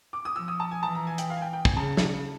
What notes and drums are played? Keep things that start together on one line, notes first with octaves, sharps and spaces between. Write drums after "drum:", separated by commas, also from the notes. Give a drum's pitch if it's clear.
D6
D#6
F3 E6
D#6
A5
G#5
E3 A5
A#5
G#5
G5, drum: hi-hat
F5
G#5
G5
G5
G#5, drum: kick
C#3 A5
drum: snare